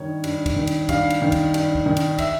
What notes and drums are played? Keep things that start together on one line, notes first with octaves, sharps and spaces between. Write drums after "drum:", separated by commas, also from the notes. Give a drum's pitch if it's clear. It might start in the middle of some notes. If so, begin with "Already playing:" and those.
Already playing: G2 D#3 C#5
G2, drum: cymbal
drum: kick, cymbal
D#3
drum: cymbal
G2 F5, drum: kick, cymbal
drum: cymbal
D#3
drum: kick, cymbal
G2, drum: cymbal
drum: kick
D#3
drum: cymbal
E5, drum: kick, cymbal